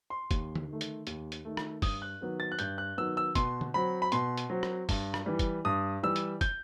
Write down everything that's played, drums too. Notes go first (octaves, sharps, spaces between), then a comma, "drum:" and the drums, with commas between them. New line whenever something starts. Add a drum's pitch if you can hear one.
C6
D#2, drum: kick, hi-hat
drum: tom D3
D#3 A3
drum: hi-hat
D#2, drum: hi-hat
drum: hi-hat
D#3 A3
drum: rim click
G2 D#6, drum: kick, open hi-hat
F#6
D#3 F#3 B3
A6
F#6
G2 G6, drum: hi-hat
F#6
D#3 F#3 B3 E6
E6
B2 C6, drum: kick, hi-hat
drum: tom D3
F#3 C4 B5
B5
B2 C6, drum: hi-hat
drum: hi-hat
F#3 C4
drum: rim click
G2, drum: kick, open hi-hat
drum: rim click
E3 G3
drum: kick, hi-hat
G2 D#6
E3 G3 E6
drum: hi-hat
G6, drum: kick, hi-hat